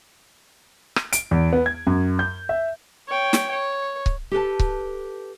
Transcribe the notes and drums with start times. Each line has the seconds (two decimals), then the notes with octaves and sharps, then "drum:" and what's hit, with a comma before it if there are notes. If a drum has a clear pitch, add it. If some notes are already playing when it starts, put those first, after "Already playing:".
0.96 drum: rim click
1.13 D7, drum: hi-hat
1.31 E2
1.53 B3
1.66 G#6
1.87 F#2
2.19 G6
2.49 E5
3.08 C#5 G5
3.33 drum: snare
3.51 C#5
4.06 drum: kick C#1
4.32 G4 A4 B4 A5
4.59 drum: kick C#1